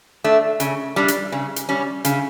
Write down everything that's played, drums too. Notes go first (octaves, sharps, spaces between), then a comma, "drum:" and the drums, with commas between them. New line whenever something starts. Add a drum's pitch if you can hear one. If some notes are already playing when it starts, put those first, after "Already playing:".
A3 D4
C#3, drum: hi-hat
G3 D4
drum: hi-hat
C#3
drum: hi-hat
G3 C#4
C#3, drum: hi-hat